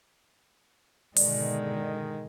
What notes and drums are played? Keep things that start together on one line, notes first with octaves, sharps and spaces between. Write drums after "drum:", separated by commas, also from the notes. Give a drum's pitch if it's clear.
G#2 B2 D3 D#3 G#3 D5, drum: open hi-hat